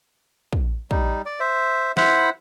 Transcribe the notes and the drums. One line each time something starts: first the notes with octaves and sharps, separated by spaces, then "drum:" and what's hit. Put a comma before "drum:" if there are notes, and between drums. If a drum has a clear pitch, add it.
drum: kick
G3 D#4, drum: kick
D5
C5 E5
E4 C5 F#5 B5, drum: snare